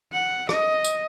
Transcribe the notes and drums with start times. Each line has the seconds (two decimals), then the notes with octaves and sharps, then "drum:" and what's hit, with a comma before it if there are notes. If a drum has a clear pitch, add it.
0.12 F#5
0.49 D#5, drum: rim click
0.84 drum: tambourine